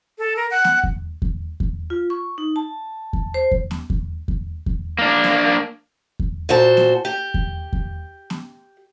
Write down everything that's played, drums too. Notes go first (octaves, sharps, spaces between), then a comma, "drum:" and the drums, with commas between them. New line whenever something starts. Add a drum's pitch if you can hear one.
A4
A#4
F#5
drum: snare B3
drum: kick E2
drum: kick E2
drum: kick E2
F4
C#6
D#4
A5
drum: kick E2
C5
drum: kick E2
drum: snare B3
drum: kick E2
drum: kick E2
drum: kick E2
A#3 D4
drum: snare B3
drum: kick E2
A#2 F#4 C5 A5
drum: snare B3
G4
drum: kick E2
drum: kick E2
drum: snare B3